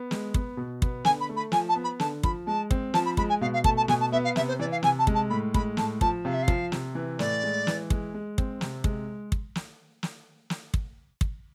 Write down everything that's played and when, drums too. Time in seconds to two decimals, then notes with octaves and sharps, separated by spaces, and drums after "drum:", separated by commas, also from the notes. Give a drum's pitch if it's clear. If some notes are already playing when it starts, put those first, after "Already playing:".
Already playing: B3
0.11 G#3, drum: snare
0.34 B3, drum: kick
0.57 B2
0.82 B3, drum: kick
1.05 D3 G#5, drum: snare
1.20 B5
1.29 A3
1.36 B5
1.52 F3 G#5, drum: snare
1.69 A5
1.75 B3
1.84 B5
2.00 D3 A5, drum: snare
2.23 F3 B5, drum: kick
2.47 G#3 A5
2.71 C4, drum: kick
2.94 F3 A5, drum: snare
3.05 B5
3.17 G#3 B5, drum: kick
3.29 G#5
3.41 B2 F5
3.53 F5
3.64 A3 A5, drum: kick
3.77 A5
3.88 B2 G#5, drum: snare
4.00 A5
4.12 B3 E5
4.24 F5
4.36 C3 E5, drum: snare
4.48 C5
4.59 E3 D5
4.71 F5
4.83 C3 G#5, drum: snare
4.98 A5
5.07 G#3, drum: kick
5.14 A5
5.30 A2 B5
5.54 G#3 B5, drum: kick
5.77 A2 A5, drum: snare
6.01 F3 A5, drum: kick
6.25 C3 F5
6.33 E5
6.42 F5
6.48 F3, drum: kick
6.72 C3, drum: snare
6.95 E3
7.19 A2 D5, drum: snare
7.43 G#3
7.67 E3, drum: snare
7.90 G#3, drum: kick
8.14 G#3
8.38 C4, drum: kick
8.61 C3, drum: snare
8.84 G#3, drum: kick
9.32 drum: kick
9.55 drum: snare
10.03 drum: snare
10.50 drum: snare
10.74 drum: kick
11.21 drum: kick